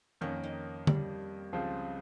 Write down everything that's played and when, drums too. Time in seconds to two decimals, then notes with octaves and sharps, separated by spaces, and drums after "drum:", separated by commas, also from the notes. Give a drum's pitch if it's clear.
0.21 F2 D#3 A#3 C#4
0.43 D#4
0.87 G3, drum: tom D3
1.53 C#2 C#3 F3 C4 F4